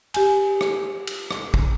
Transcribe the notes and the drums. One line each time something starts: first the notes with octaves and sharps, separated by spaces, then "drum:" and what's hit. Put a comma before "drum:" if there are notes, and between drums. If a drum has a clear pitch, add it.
G4 G#5, drum: cymbal
drum: rim click
drum: cymbal
drum: rim click
drum: kick